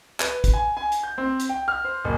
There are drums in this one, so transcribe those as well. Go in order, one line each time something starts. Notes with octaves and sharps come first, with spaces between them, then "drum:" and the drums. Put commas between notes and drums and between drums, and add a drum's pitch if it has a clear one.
B4, drum: clap
drum: kick, hi-hat
G#5
G#5
drum: hi-hat
G6
C4
drum: hi-hat
G5
F6
C5
F#1